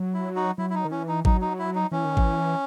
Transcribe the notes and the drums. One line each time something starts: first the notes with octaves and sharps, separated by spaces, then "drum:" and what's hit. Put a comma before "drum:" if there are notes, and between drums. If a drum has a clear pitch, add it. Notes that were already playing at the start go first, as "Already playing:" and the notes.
Already playing: F#3
E4
D#4 F#4
F#3 E4
E4
D#4
D#3
E3 C#4
D#4
F#3 D#4, drum: kick G#1
D#4
E4
D#4
E3 C#4
D#3
E3, drum: kick G#1